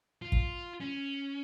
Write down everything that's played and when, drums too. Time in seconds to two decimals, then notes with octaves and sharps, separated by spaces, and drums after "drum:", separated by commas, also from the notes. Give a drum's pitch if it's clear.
0.22 F4
0.32 drum: kick
0.80 C#4